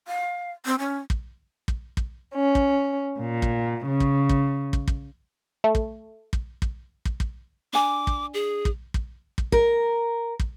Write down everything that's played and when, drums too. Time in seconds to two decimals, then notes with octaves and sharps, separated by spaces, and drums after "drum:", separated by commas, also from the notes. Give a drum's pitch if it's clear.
0.08 F5
0.66 C4
0.79 C#4
1.10 drum: kick
1.68 drum: kick
1.97 drum: kick
2.32 C#4
2.55 drum: kick
3.20 A#2
3.42 drum: kick
3.86 C#3
4.00 drum: kick
4.29 drum: kick
4.73 drum: kick
4.88 drum: kick
5.64 A3
5.75 drum: kick
6.33 drum: kick
6.62 drum: kick
7.05 drum: kick
7.20 drum: kick
7.73 D4 G#5 D6
8.07 drum: kick
8.34 G#4
8.65 drum: kick
8.94 drum: kick
9.38 drum: kick
9.52 A#4, drum: kick
10.40 drum: kick